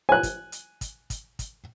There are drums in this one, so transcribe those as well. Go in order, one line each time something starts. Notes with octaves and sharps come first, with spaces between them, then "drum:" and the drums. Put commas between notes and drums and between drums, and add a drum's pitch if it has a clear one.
G#5 F#6
drum: kick, hi-hat
drum: hi-hat
drum: kick, hi-hat
drum: kick, hi-hat
drum: kick, hi-hat